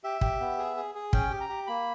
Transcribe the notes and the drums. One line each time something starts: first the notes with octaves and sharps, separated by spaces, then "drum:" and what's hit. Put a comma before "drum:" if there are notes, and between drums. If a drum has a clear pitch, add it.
G4 E5
G4, drum: kick
B3
G#4
G#4
G#4
C#4 G5, drum: kick
G4
A#5
G4
A#3 B5